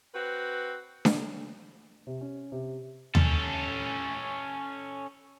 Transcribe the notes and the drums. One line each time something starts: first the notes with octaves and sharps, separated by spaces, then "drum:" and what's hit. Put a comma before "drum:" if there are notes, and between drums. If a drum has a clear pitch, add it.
C4 F#4 B4
drum: snare D4
C3
C#4
C3
C#4 A4, drum: tom D#2